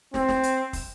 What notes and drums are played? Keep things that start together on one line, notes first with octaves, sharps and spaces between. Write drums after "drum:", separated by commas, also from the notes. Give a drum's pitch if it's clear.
C4, drum: snare
drum: snare
drum: hi-hat
drum: kick, open hi-hat